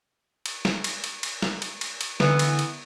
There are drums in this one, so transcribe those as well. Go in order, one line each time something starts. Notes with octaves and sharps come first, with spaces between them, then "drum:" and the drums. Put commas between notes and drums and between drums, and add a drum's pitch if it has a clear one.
drum: cymbal
drum: snare
drum: cymbal
drum: cymbal
drum: cymbal
drum: snare
drum: cymbal
drum: cymbal
drum: cymbal
D3 E3 B3, drum: snare
drum: cymbal
drum: cymbal